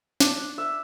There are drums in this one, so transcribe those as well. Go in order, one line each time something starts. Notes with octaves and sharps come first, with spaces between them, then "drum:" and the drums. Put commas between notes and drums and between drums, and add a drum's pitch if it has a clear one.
D4, drum: snare
E5